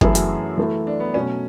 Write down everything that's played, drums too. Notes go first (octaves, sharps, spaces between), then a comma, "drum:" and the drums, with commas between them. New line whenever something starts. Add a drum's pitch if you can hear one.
F#2 E3 A3 E4 G#4 A4, drum: kick
F#4, drum: hi-hat
E3 A3 E4
D4
B3
B2 F#3 A3 C#4